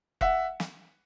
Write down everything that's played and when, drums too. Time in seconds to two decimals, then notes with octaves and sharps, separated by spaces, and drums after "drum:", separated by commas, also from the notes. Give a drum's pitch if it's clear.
0.21 E5 F#5, drum: kick F1
0.60 drum: snare